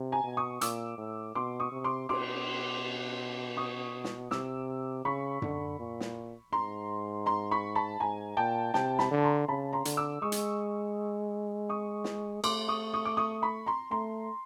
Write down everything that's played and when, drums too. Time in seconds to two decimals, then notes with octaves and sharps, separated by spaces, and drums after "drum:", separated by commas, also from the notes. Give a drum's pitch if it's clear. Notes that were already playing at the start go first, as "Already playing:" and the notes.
Already playing: C3
0.12 G#5 A#5
0.24 B2
0.37 C#6 D#6
0.61 A#2 D6 E6, drum: hi-hat
0.98 A2
1.35 B2 C6 D6
1.60 C#6 D#6
1.72 C3
1.84 C6 D6
2.09 B2 C6 D6, drum: cymbal
3.57 C#6 D#6
4.04 drum: snare
4.31 C3 D6 E6, drum: snare
5.05 C#3 B5 C#6
5.42 D3, drum: tom F#2
5.79 A#2
6.00 drum: snare
6.52 G#2 A#5 C6
7.26 A#5 C6
7.51 B5 C#6
7.75 A5 B5
8.00 G#2 G#5 A#5
8.37 A#2 G5 A5
8.74 C3 G5 A5, drum: snare
8.99 A5 B5, drum: snare
9.11 D3
9.24 A#5 C6
9.48 C#3 A5 B5
9.73 A#5 C6
9.85 D3, drum: hi-hat
9.97 D6 E6
10.22 G#3 C#6 D#6
10.32 drum: hi-hat
11.69 C#6 D#6
12.04 drum: snare
12.44 A3 C6 D6, drum: cymbal
12.68 C#6 D#6
12.94 C#6 D#6
13.05 D6
13.17 C#6 D#6
13.42 B5 C#6
13.66 A#5 C6
13.91 A3 A#5 C6